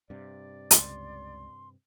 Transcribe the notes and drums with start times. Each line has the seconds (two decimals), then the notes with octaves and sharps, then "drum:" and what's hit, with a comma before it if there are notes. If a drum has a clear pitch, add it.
0.10 G2 C3 D5
0.71 C#2 C6, drum: hi-hat